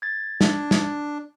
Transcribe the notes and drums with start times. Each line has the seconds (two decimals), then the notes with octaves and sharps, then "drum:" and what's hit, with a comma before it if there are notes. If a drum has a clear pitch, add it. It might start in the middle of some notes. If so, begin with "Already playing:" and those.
0.02 G#6 A6
0.41 D4, drum: snare
0.71 drum: snare